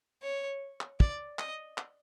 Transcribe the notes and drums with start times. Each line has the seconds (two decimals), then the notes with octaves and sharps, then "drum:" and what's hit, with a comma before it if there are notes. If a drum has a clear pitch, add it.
0.23 C#5
0.81 drum: clap
1.00 D5, drum: kick
1.39 D#5, drum: clap
1.78 drum: clap